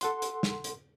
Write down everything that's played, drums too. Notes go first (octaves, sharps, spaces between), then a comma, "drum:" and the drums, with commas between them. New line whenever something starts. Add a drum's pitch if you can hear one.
A4 F#5 C6, drum: hi-hat
drum: hi-hat
drum: snare
drum: hi-hat